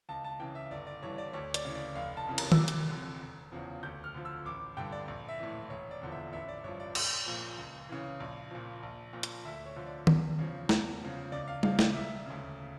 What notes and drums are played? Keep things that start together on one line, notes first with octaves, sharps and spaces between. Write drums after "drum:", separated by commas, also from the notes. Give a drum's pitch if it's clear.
C#2 A5
A5
C#3 E3 G5
E5
G1 D5
D5
G2 E3 C#5
D5
D2 C#5
D5, drum: hi-hat
C#3 E3
D5
F1 F5
A5
F2 C#3 E3
A#5, drum: cymbal
E6, drum: tom D#3
F1 D6
drum: hi-hat
F2 D3
E1
E2 C#3 F3
D2 G6
F6
D3 F3
E6
A1 D6
G2 D3 G5
D5
A#1
E5
A2 E3
E1 C#5
D5
E2 D3 F3
E5
A1 E5
D5
G2 F3 C#5
D5
A#1, drum: cymbal
A#2 F3
C#2
C#3 E3
A#1
A#2 F3
A#1
A#2 F3
drum: hi-hat
D2 E5
C#5
D3 F3
D5
E2, drum: tom D#3
C#3 F3
E2, drum: snare
C#3 F3
C#2 D5
F5
C#3 F3 F5, drum: tom G3
D5, drum: snare
E1 E5
D2 C#3